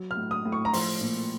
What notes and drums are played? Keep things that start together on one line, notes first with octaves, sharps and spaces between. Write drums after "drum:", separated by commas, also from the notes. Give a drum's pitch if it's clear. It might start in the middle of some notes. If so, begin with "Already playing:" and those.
Already playing: F#3
F6
A2
D#6
A2
C#6
A#5
F3 C6, drum: open hi-hat
A#2